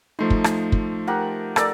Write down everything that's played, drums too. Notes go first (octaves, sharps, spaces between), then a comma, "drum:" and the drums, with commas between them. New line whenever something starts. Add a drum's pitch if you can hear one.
F3 A3 D#4 C6
drum: kick
drum: rim click
drum: kick
G4 A#4 F#5
A4 A#4 D5, drum: rim click